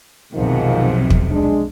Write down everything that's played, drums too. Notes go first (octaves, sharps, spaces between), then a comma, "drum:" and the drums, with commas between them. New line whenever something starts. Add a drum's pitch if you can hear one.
B1 F2 G#2 C3 D#3 F3
drum: kick
G#3 D4